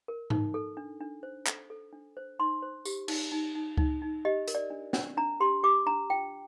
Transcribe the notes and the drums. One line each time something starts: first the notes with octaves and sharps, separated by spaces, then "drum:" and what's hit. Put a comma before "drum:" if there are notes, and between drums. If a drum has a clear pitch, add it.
A#4
D#4, drum: tom G#2
A4
D4
D4
C5
A4, drum: clap
A4
D4
C5
D#4 C6
C5
G4, drum: tambourine
D#4, drum: cymbal
D#4
D#4
D#4, drum: kick C#2
D#4
G4 D#5
A#4, drum: hi-hat
D5
D4
D4, drum: snare
D4 A#5
G4 C6
G4 D6
D4 A#5
F4 G5